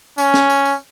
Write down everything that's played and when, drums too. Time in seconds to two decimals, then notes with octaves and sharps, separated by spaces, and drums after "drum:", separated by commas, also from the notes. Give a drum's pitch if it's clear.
0.18 C#4, drum: tambourine
0.34 drum: snare
0.50 drum: tambourine
0.65 drum: tambourine